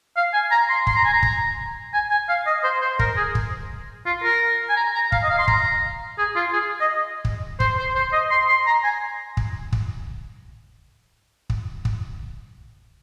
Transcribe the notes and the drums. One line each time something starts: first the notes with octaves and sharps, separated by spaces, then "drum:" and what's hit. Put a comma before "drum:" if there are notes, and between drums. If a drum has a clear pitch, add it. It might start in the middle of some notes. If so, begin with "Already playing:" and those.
F5
G#5
A#5
C6
C6, drum: kick
A#5
G#5
A#5
drum: kick
G#5
G#5
F5
D#5
C5
C5
A#4, drum: kick
G#4
drum: kick
F4
A#4
G#5
A#5
A#5
F5, drum: kick
D#5
F5
C6
A#5, drum: kick
G#4
F4
G#4
D#5
drum: kick
C5, drum: kick
C5
C5
D#5
C6
C6
A#5
G#5
drum: kick
drum: kick
drum: kick
drum: kick